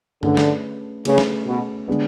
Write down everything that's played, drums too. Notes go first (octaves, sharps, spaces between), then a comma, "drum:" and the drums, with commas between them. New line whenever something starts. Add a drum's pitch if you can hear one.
D3 A3 C#4 G#4 B4, drum: tom G2
drum: snare
C#3 A3 C#4 G#4 B4, drum: cymbal
drum: snare
B2
D3 G#3 B3 D4